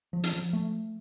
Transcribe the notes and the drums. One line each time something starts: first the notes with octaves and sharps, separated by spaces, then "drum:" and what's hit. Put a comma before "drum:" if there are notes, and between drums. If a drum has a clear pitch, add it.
F3
drum: hi-hat
F3
A3